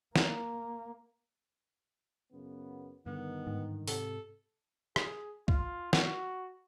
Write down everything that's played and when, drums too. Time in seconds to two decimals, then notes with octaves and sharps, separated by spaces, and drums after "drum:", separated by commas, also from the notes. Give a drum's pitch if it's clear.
0.16 A#3, drum: snare
2.32 F#2 C#3 B3
3.06 G2 D3 D#3 B3
3.47 G#2
3.88 C3 A4, drum: open hi-hat
4.96 G#4, drum: rim click
5.48 F4, drum: kick C2
5.93 F#4, drum: snare